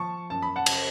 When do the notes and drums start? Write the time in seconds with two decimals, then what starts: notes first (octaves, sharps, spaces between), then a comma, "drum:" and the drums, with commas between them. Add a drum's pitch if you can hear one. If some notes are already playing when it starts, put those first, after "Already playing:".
Already playing: F3 A5 C#6
0.30 F#2 A5
0.42 B5
0.56 F#5 A5
0.66 C#3, drum: cymbal